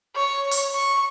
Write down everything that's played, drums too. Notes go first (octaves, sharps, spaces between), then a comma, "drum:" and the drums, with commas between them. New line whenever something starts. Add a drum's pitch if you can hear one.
C#5
drum: open hi-hat
C#6